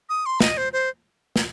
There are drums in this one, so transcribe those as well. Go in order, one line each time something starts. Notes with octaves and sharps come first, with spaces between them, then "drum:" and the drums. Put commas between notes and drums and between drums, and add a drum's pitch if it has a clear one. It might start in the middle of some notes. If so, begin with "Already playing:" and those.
D#6
C6
D#5, drum: snare
C5
C5
drum: snare